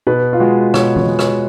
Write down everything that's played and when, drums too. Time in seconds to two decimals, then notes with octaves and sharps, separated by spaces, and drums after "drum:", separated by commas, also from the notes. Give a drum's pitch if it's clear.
0.07 B2 B4
0.33 F4
0.40 G#3 F#4
0.74 B2 C#5, drum: rim click
0.96 C#5, drum: tom
1.07 G#3
1.19 C#5, drum: rim click